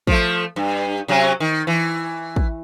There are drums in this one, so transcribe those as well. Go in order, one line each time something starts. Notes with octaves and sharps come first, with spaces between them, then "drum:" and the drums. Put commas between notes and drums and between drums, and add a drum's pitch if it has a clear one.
F3 A3, drum: kick
G2
C3 F#3 C#4
D#3
E3
drum: kick